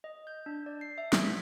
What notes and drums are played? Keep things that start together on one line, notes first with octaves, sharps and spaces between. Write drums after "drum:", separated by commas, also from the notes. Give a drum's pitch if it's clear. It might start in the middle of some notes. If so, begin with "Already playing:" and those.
D#5
G6
D4
D5
C7
E5
G#6, drum: snare
B6